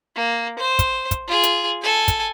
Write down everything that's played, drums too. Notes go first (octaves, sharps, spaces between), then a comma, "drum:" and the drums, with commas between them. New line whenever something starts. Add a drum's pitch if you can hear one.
A#3
C5
drum: kick, hi-hat
drum: kick, hi-hat
F4 G#4
drum: hi-hat
A4 G#5
drum: kick, hi-hat